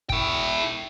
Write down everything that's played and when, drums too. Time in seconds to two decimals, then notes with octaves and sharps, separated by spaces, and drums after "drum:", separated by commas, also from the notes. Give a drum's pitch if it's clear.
0.09 E4 G5, drum: kick